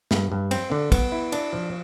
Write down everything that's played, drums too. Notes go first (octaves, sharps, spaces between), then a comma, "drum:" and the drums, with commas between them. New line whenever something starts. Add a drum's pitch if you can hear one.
G2, drum: snare
G2
C4, drum: cymbal
D3
B3, drum: kick, cymbal
E4
D4, drum: cymbal
F3